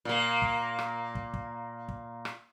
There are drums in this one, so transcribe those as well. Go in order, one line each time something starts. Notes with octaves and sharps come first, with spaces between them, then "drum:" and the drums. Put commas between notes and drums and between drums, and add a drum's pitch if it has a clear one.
A#2 A#3
drum: kick
drum: rim click
drum: kick
drum: kick
drum: kick
drum: rim click